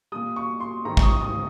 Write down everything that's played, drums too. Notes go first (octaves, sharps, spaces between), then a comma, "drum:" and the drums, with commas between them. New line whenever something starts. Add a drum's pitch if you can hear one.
A#2 G3 D#6
C#6
C6
G#2 D#3 G3 A#5
C#6, drum: kick
D#6
D#6